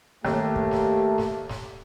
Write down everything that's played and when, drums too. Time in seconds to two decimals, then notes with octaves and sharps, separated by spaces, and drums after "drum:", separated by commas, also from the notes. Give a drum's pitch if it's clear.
0.25 D#2 A3 A#3 G4, drum: snare
0.56 drum: kick
0.71 drum: snare
1.18 drum: snare
1.49 drum: snare